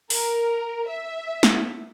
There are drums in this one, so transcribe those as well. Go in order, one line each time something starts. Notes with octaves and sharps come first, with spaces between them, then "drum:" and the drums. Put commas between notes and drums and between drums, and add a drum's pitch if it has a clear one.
A#4, drum: open hi-hat
E5
drum: snare